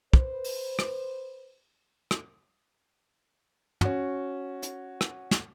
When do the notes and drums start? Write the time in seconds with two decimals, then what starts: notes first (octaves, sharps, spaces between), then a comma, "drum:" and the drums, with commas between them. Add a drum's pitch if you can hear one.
0.13 B4 C5, drum: kick
0.44 drum: open hi-hat
0.79 drum: rim click
2.11 drum: rim click
3.81 C#4 F#4, drum: tom
4.63 drum: hi-hat
5.01 drum: rim click
5.31 drum: snare